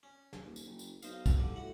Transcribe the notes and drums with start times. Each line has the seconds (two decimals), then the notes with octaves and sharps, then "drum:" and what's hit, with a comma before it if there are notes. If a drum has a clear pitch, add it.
0.03 C#4
0.33 drum: snare
0.43 D#1
0.56 drum: tambourine
0.65 F#1
0.79 drum: tambourine
1.02 B1 C5 D#5 F5, drum: tambourine
1.26 drum: kick, tambourine
1.38 D3 E3 G3
1.56 A2 F#4 F#5